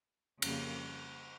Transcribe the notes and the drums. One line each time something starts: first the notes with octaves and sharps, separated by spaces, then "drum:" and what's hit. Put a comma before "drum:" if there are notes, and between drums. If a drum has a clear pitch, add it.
F2 C#3 G3 A#3, drum: cymbal